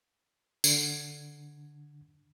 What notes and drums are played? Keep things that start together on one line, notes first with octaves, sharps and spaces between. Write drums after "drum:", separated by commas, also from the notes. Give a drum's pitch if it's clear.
D3 G#6, drum: tambourine